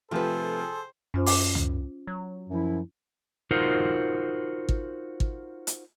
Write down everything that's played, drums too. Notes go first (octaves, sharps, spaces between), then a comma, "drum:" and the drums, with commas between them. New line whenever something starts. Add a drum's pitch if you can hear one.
C3 F3 A3 F4 G#4 A4 B4 C5
F#2 C#4 F4 C5
D6, drum: open hi-hat
drum: tom
F#3
F#2 F3 E4
D#4 F4 F#4 A#4 C5
drum: kick
drum: kick
drum: hi-hat